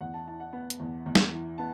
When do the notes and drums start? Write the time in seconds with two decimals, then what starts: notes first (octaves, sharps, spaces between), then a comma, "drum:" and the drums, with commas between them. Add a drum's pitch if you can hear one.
0.01 E2 F#5
0.14 A5
0.27 E3 A5
0.40 F#5
0.53 B3
0.70 drum: hi-hat
0.80 E2
1.06 E2
1.15 drum: snare
1.32 E3
1.58 B3 A5